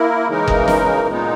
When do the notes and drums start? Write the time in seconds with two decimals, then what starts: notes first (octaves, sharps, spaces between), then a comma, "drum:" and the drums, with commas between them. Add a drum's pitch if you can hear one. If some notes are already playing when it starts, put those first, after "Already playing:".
Already playing: A#3 E4 A#4
0.27 C#3 E3 G#3 D#4 A#4
0.47 drum: kick F#1
0.68 drum: snare
1.08 A#2 G#3 B3 D#4